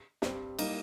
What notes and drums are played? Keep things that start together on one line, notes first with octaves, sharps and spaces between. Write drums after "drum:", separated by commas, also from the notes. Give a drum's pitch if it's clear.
G2 G3 C4, drum: snare
G3 A#3 D#4, drum: cymbal